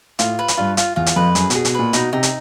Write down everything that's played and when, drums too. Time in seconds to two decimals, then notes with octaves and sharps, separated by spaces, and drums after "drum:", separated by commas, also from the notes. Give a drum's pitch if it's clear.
0.19 A2 F4, drum: hi-hat
0.39 B4
0.48 drum: hi-hat
0.57 G2 F4
0.77 F4, drum: hi-hat
0.96 E2 F4
1.06 drum: hi-hat
1.16 F2 B4
1.35 F#2 G#4, drum: hi-hat
1.50 B2 G#4, drum: hi-hat
1.65 B2, drum: hi-hat
1.74 A#2 B4
1.93 B2 D#4, drum: hi-hat
2.13 C3 D#4
2.23 drum: hi-hat